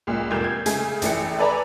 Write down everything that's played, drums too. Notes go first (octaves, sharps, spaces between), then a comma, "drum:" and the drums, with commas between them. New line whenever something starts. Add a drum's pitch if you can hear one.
C#2 A#2
F1 A#2 G3 A#3 G6 E7
G#6
C#3 G#3 A3 G#5, drum: hi-hat
A#1 E3 A3 G5 C#7, drum: hi-hat
A4 B4 D5 G#5 A#5 B5